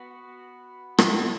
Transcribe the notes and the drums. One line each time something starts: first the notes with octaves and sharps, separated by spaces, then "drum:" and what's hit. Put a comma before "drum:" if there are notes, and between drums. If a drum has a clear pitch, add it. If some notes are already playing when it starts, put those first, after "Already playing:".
Already playing: B3 F#4 B4
A3 E4 A4 C#5, drum: rim click